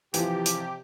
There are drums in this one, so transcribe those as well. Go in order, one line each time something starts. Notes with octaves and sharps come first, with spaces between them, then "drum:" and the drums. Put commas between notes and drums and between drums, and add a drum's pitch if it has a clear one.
C3 E3 F3 G4, drum: hi-hat
drum: hi-hat